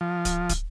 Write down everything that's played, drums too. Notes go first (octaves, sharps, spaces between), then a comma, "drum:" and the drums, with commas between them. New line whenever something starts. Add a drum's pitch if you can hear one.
F3
drum: kick, hi-hat
drum: kick, hi-hat